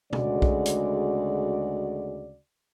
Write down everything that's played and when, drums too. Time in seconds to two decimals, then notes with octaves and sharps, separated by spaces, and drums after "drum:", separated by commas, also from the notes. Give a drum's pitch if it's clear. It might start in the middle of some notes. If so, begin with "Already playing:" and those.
0.13 D2 C#3 G#3 F#4 D5, drum: tom B2
0.42 drum: kick B1
0.66 drum: hi-hat